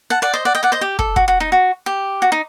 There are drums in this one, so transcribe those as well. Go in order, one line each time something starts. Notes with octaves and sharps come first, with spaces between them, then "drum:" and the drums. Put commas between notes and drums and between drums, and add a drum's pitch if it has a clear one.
F#5 A5
D5 F#5
C5 D#5
D5 F#5
D#5 G5
D5 F#5
C5 D#5
G4
A4, drum: kick
F#4, drum: kick
F#4
D#4
F#4
G4
F#4
D#4